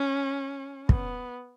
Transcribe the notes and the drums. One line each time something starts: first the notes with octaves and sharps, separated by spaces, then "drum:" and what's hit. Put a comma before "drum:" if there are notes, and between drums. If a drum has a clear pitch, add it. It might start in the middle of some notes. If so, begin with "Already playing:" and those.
Already playing: C#4
B3, drum: kick